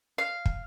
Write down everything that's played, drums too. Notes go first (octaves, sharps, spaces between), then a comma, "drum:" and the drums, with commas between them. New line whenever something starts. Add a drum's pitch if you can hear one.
F5
drum: kick